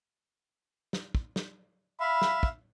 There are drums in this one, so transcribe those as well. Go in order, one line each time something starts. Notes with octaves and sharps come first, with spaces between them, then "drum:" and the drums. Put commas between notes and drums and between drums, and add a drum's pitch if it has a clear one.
drum: snare
drum: kick
drum: snare
E5 F5 B5
drum: snare
drum: kick